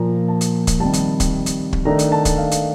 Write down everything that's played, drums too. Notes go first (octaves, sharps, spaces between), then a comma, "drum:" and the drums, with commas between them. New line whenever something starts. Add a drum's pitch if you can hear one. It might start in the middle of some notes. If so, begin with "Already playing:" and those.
Already playing: A#2 F3 A#3 A#5
A5
drum: hi-hat
drum: kick, hi-hat
C3 D#3 G3 A5
drum: hi-hat
drum: kick, hi-hat
drum: hi-hat
drum: kick
D#3 A3 D4 A#5
drum: hi-hat
A5
drum: kick, hi-hat
F5
drum: hi-hat